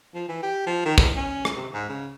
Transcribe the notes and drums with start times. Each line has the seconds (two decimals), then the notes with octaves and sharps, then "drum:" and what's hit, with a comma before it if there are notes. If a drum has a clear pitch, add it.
0.14 F3
0.29 E3
0.43 G4
0.67 F3
0.85 D#3
0.98 E2, drum: kick
1.16 C#4
1.45 drum: rim click
1.56 C3
1.73 G#2
1.89 C#3